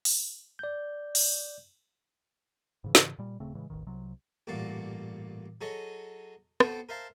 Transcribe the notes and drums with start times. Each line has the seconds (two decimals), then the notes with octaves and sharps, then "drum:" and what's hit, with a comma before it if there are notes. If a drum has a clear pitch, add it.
0.05 drum: open hi-hat
0.59 D5 G6
1.15 drum: open hi-hat
2.84 G#2 C#3 E3
2.95 drum: snare
3.18 A#2 G3
3.40 D#1 C#3 A3 C4
3.55 A2 C#3 E3 G#3
3.70 E1 A1 D#2 D#3
3.87 C2 C3 F#3
4.47 A1 G2 A#2 A#3 F#4 D5
5.61 F#3 G#4 A4 C#5 D#5
6.60 B3 C4 F#4 A4 G5 A5, drum: rim click
6.89 A#4 C5 E5 F5 A5 A#5